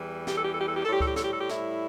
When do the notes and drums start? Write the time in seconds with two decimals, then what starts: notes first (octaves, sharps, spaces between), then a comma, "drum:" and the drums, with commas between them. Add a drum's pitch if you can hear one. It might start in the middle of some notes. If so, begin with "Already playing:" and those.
Already playing: E2 E3 G3
0.27 G4, drum: snare
0.36 A4
0.44 G4
0.52 A4
0.59 G4
0.67 A4
0.76 G4
0.85 A4
0.89 A2 G3 G4
1.00 A4, drum: kick C#2
1.08 G4
1.16 A4, drum: snare
1.24 G4
1.33 A4
1.41 G4
1.49 E4, drum: snare